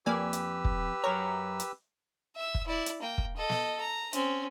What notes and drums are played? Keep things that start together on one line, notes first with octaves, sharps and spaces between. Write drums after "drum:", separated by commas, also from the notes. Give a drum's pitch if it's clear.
F2 A#3 G4 B4 D5 G#5 E6
drum: hi-hat
drum: kick
F#2 A#4 C#5 A#5
drum: hi-hat
E5 E6
drum: kick
E4 D5
drum: hi-hat
A#3 G5
drum: kick
A4 D#5
drum: snare
A#5
C4 C#4, drum: hi-hat